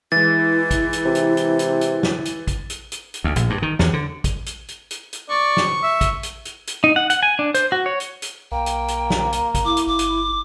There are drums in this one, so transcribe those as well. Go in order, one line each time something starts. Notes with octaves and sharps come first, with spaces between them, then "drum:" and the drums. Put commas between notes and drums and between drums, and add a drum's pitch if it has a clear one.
E3 G#3 E4 A6
drum: kick A1, hi-hat
drum: hi-hat
C3
drum: hi-hat
drum: hi-hat
drum: hi-hat
drum: hi-hat
drum: snare
drum: hi-hat
drum: kick A1, hi-hat
drum: hi-hat
drum: hi-hat
drum: hi-hat
D2
A#1, drum: hi-hat
G2
D#3
E2, drum: snare
D3
drum: kick A1, hi-hat
drum: hi-hat
drum: hi-hat
drum: hi-hat
drum: hi-hat
D5 C#6
drum: snare
E5
drum: kick A1, hi-hat
drum: hi-hat
drum: hi-hat
drum: hi-hat
D#4
F#5
F#5, drum: hi-hat
G#5
D4
C5, drum: hi-hat
F#4
C#5
drum: hi-hat
drum: hi-hat
B1 A#3 G5
drum: hi-hat
drum: hi-hat
drum: snare
drum: hi-hat
drum: kick A1, hi-hat
E4 D6
drum: hi-hat
G1 D6
drum: hi-hat